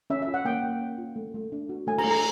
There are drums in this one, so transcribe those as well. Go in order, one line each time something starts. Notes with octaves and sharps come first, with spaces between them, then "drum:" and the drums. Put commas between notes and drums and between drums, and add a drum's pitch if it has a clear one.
C#4 E5
E5
F4
F#5
A#3 G5
A#3
C#4
F4
A3
A3
D4
F#4
A3 G#5
A#5, drum: cymbal
A3
A#5